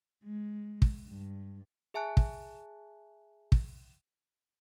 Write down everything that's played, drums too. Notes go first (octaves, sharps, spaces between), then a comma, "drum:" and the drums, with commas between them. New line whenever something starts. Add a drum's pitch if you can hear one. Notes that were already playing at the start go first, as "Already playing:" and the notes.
G#3
drum: kick
G2
G#4 E5 G#5 A5 F#6
drum: kick
drum: kick